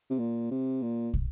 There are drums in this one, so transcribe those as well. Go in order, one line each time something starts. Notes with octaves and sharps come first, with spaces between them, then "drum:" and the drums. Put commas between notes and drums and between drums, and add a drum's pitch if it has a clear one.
C3
A#2
C3
A#2
drum: kick